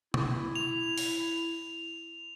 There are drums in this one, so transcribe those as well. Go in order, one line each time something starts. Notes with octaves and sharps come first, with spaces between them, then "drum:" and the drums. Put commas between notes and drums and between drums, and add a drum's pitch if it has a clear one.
E4, drum: tom
F7
drum: open hi-hat